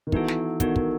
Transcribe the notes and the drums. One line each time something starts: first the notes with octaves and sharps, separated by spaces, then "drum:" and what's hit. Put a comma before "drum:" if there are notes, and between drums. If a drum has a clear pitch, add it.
D#3
E3 B3 D#4 F#4 A4, drum: kick
drum: snare
D#3 B3 D#4 F#4 A4, drum: kick, hi-hat
D#3, drum: kick